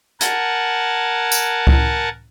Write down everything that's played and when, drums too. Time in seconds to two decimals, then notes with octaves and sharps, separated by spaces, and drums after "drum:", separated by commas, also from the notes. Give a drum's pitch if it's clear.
0.21 A#4 F#5 G#5 A5, drum: hi-hat
1.32 drum: tambourine
1.67 drum: kick C#2